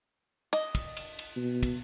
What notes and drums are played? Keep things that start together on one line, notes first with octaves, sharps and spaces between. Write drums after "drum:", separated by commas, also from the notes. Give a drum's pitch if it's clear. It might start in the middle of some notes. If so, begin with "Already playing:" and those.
D#5, drum: cymbal
drum: kick, cymbal
drum: cymbal
drum: cymbal
B2
drum: kick, cymbal